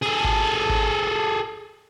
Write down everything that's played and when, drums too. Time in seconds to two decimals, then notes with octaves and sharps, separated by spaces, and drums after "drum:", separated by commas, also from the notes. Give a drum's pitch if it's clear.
0.02 G#4 A4
0.24 drum: kick G#1
0.70 drum: kick G#1